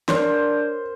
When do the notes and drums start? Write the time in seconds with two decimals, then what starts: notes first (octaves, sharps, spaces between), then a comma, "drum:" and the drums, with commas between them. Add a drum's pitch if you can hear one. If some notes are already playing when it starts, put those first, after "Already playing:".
0.08 D4 A#4 C5 C#5 F#6, drum: snare